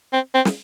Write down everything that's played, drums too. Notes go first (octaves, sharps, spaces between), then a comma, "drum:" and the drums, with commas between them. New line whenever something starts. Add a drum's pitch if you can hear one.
C4
C4
drum: snare